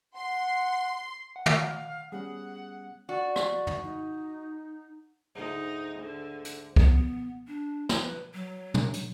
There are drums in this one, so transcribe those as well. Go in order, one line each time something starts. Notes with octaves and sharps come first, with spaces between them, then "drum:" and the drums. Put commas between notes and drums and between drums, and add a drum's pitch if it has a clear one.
F#5 C6
F#5
drum: tom
F5
G3 B3 C#4 G#4 F#5
F#4 D5
drum: rim click
drum: tom
D#4
D2 G#2 D#4
D3
drum: hi-hat
B3, drum: kick C2
D4
drum: snare
B4
F#3
drum: tom
drum: hi-hat